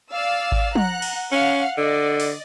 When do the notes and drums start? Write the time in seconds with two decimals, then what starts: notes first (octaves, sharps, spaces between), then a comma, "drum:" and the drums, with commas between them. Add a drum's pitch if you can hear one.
0.12 D5 F5 E6
0.52 drum: kick G#1
0.75 F#5 A#5 F#6, drum: tom
1.02 drum: cymbal
1.32 C#4 F5 F#5
1.77 D3 D5 D#5
2.20 drum: open hi-hat